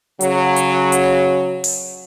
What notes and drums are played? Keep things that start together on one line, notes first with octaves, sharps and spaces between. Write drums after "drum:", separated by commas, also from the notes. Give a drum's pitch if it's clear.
C#3 F#3, drum: hi-hat
drum: hi-hat
drum: hi-hat
drum: open hi-hat